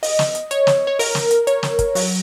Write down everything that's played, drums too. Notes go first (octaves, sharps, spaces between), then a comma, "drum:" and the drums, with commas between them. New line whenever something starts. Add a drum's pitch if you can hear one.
D#5, drum: open hi-hat
drum: snare
drum: hi-hat
C#5, drum: hi-hat
drum: snare
C#5
A#4, drum: open hi-hat
drum: snare
drum: hi-hat
C#5, drum: hi-hat
drum: snare
drum: kick, hi-hat
F#3, drum: open hi-hat